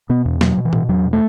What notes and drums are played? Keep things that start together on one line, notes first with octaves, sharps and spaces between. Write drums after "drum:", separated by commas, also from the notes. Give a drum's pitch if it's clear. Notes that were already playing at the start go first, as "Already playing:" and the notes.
B2 B3
E2
B2 F#3, drum: snare
B2
E3
B2, drum: tom A2
E2 F#3
B2
A3